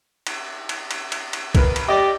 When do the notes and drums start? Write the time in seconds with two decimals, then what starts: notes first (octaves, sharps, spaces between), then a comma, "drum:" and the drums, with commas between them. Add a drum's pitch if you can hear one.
0.27 drum: cymbal
0.69 drum: cymbal
0.91 drum: cymbal
1.12 drum: cymbal
1.33 drum: cymbal
1.55 A#4 B4, drum: kick, cymbal
1.76 drum: cymbal
1.88 G4 D5 D#5